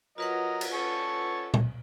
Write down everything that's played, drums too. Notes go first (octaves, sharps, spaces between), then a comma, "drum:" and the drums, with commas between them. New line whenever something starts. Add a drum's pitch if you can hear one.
F#3 F4 A#4 B4 D#5 F#5
drum: cymbal
C#4 A4 A5 C#6
drum: tom A#2